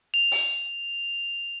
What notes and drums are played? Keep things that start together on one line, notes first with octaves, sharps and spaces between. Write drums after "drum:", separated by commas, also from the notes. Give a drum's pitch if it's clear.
F7
drum: open hi-hat